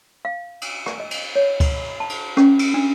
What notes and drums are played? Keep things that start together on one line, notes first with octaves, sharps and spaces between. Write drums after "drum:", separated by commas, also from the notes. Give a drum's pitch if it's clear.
F5
drum: cymbal
drum: rim click
D#5
drum: cymbal
C#5
drum: kick C#2, cymbal
A5
drum: cymbal
C#4, drum: rim click
drum: cymbal
D4